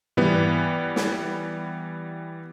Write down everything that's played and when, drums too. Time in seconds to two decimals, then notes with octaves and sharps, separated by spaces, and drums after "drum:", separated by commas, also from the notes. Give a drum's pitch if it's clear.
0.17 E3 G3 B3, drum: tom
0.96 drum: snare